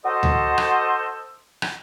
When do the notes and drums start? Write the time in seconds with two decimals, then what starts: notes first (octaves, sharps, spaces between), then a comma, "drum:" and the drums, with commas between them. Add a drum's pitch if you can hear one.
0.05 F#4 A4 C5 D#5
0.23 drum: tom D2
0.58 drum: rim click
1.62 drum: rim click